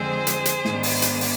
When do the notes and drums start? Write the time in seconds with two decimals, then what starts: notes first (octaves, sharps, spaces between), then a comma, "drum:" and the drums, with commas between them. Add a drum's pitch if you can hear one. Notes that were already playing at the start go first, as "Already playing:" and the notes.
Already playing: F2 D3 F3 G#3 C4 G#4 C5
0.27 drum: hi-hat
0.46 drum: hi-hat
0.65 G#2 D#3 G#3 B3 D4, drum: snare
0.83 drum: open hi-hat
1.02 drum: hi-hat
1.21 drum: open hi-hat